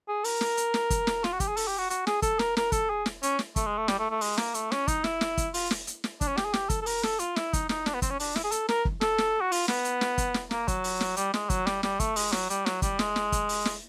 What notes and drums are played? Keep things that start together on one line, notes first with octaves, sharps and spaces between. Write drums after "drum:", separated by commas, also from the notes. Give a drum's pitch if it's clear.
G#4
A#4, drum: open hi-hat
drum: snare
drum: hi-hat
drum: snare
drum: kick, hi-hat
drum: snare
F4, drum: snare
F#4
G4, drum: kick, hi-hat
G#4
A4, drum: open hi-hat
G4
F#4
F#4, drum: hi-hat
G#4, drum: snare
A4, drum: kick, hi-hat
A#4, drum: snare
A#4, drum: snare
A4, drum: kick, hi-hat
G#4
drum: snare
C#4, drum: hi-hat
drum: snare
A3, drum: kick, hi-hat
G#3
A3
G3, drum: snare
A3
A3
G#3, drum: open hi-hat
A#3, drum: snare
A3, drum: hi-hat
C#4, drum: snare
D#4, drum: kick, hi-hat
E4, drum: snare
drum: snare
drum: kick, hi-hat
F4, drum: open hi-hat
drum: snare
drum: hi-hat
drum: snare
D4, drum: kick, hi-hat
C#4
G4, drum: snare
G#4
G4, drum: snare
A4, drum: kick, hi-hat
A4
A#4, drum: open hi-hat
A4, drum: snare
F4, drum: hi-hat
E4, drum: snare
D#4, drum: kick, hi-hat
D#4, drum: snare
D4, drum: snare
B3
C4, drum: kick, hi-hat
C#4
D4, drum: open hi-hat
E4, drum: snare
G#4
A4, drum: hi-hat
A#4, drum: snare
drum: kick
A4, drum: snare
drum: snare
F#4
F4, drum: open hi-hat
B3, drum: snare
drum: hi-hat
drum: snare
drum: kick, hi-hat
drum: snare
A#3, drum: snare
F#3, drum: kick, hi-hat
drum: open hi-hat
drum: snare
G3, drum: hi-hat
G#3, drum: snare
F#3, drum: kick, hi-hat
G3, drum: snare
G3, drum: snare
A3, drum: kick, hi-hat
G#3, drum: open hi-hat
F#3, drum: snare
G3, drum: hi-hat
F#3, drum: snare
G3, drum: kick, hi-hat
G#3, drum: snare
drum: snare
drum: kick, hi-hat
drum: open hi-hat
drum: snare